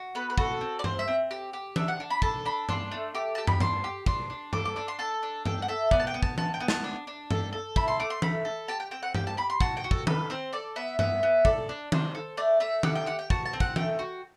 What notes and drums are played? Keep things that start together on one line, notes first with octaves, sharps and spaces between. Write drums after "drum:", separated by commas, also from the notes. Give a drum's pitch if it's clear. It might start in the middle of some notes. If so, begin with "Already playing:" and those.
Already playing: F#4
B3 B4
B4
F#4 A4, drum: kick
C4
D5
C4 C5, drum: tom G2
E5
C4
G4
G4
D4 E5, drum: tom E3
F#5
D4
B5
A4 A5, drum: kick
D4 B5
D4 C6, drum: tom G2
A3
G4 D6
G4 A5
B5, drum: tom
D4 C6, drum: tom G2
G4
D4 C6, drum: kick
D4
A4 D6, drum: tom G2
D6
D4 D6
C6
A4 A5
D4
A4 G5, drum: tom G2
F#5
A4 E5
B3 D5, drum: kick
A5
G5
B3
A5, drum: kick
B3 A5, drum: tom E3
G5
B3
A5, drum: snare
D4
D4
A4, drum: tom G2
A4
E4 B5, drum: kick
C6
A3 D6
C6
A3 B5, drum: tom E3
A4
G4 A5
G5
C4 G5
F#5
G4 G5, drum: tom G2
A5
G4 B5
C6
F#4 A5, drum: kick
G5
F#4
A4, drum: kick
A4 B4, drum: tom D#3
C4 C5
A4 D5
B3 E5
B3 E5, drum: tom G2
B3
A4 D5, drum: kick
D4
D4 C5, drum: tom D#3
A4
A3 D5
A3 E5
G4 F#5, drum: tom D#3
G5
G4 F#5
G5
F#4 A5, drum: kick
A5
C4
F#5, drum: kick
A3 G5, drum: tom E3
F#4